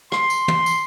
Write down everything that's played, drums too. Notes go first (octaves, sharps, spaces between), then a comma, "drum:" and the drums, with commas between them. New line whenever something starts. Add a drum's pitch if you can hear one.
C6, drum: rim click
drum: tambourine
drum: tom
drum: tambourine